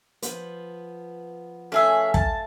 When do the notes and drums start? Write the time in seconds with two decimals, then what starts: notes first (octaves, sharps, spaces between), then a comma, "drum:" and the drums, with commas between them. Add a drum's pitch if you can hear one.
0.22 F3 B3 B4, drum: hi-hat
1.72 A3 C#4 G#4 E5 F5 G#5
2.14 A5, drum: kick